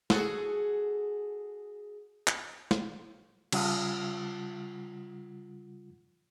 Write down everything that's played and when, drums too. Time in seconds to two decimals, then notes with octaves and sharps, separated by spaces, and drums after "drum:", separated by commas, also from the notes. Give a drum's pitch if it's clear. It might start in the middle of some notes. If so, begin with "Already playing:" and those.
0.10 F#4 G#4 A4, drum: snare
2.27 drum: clap
2.71 drum: snare
3.52 C#3 G3 F4 F#5 D#6 F6, drum: cymbal